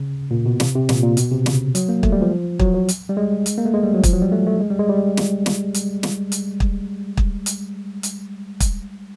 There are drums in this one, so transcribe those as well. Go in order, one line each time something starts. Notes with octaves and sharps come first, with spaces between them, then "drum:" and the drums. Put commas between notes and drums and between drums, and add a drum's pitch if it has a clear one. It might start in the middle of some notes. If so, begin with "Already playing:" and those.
Already playing: C#3
A#2
B2
C3, drum: snare
C3
A#2, drum: snare
A#2
B2, drum: hi-hat
C3
C#3, drum: snare
F#3, drum: hi-hat
A#3
A3, drum: kick
G3
F3
F#3, drum: kick
F#3
drum: hi-hat
G3
G#3
drum: hi-hat
A#3
A3
G#3
G3
F#3
F3, drum: kick, hi-hat
F#3
G3
A3
A3
G#3
G3
G#3
G3
drum: snare
drum: snare
drum: hi-hat
drum: snare
drum: hi-hat
drum: kick
drum: kick
drum: hi-hat
drum: hi-hat
drum: kick, hi-hat